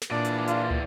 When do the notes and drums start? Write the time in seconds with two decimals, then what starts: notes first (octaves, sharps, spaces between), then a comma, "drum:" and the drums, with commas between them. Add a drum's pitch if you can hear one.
0.02 drum: snare
0.11 A#2 E3 D4 D5
0.25 drum: hi-hat
0.48 F4, drum: hi-hat
0.71 drum: tom